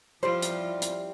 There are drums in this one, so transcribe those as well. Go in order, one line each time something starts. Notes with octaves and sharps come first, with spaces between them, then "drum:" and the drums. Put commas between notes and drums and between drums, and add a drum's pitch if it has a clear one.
F3 G3 C4 E4 F4 C5
drum: hi-hat
drum: hi-hat